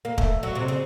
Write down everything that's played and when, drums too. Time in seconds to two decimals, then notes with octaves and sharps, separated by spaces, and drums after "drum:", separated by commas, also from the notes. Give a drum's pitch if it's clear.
0.05 A#3
0.18 A3, drum: kick
0.43 F#3
0.55 C3
0.68 C#3